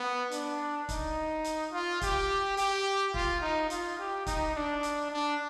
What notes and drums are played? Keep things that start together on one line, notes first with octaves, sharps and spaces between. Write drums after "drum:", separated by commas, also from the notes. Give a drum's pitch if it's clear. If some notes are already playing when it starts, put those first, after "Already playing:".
Already playing: B3
D4, drum: hi-hat
D#4, drum: kick, hi-hat
drum: hi-hat
F4
G4, drum: kick, hi-hat
G4, drum: hi-hat
F4, drum: kick
D#4
F4, drum: hi-hat
G4
D#4, drum: kick, hi-hat
D4
drum: hi-hat
D4